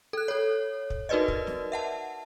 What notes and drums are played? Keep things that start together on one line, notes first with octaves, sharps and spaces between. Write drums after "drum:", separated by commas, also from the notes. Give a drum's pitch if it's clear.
A4 F#6
A4 C#5
drum: kick
D#4 F#4 A#4 B4 D5 D#5
drum: kick
drum: snare
E5 F#5 A5